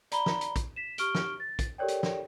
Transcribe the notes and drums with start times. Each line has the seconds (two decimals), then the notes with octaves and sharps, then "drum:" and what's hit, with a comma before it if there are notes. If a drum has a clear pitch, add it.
0.11 D5 A#5 B5 G7, drum: hi-hat
0.26 drum: snare
0.41 drum: hi-hat
0.56 drum: kick, hi-hat
0.76 B6 E7
0.98 G4 C#6 F6 D7 G7, drum: hi-hat
1.15 drum: snare
1.40 A6
1.59 drum: kick, hi-hat
1.78 G4 A4 A#4 C#5 D5 G5
1.88 drum: hi-hat
2.03 drum: snare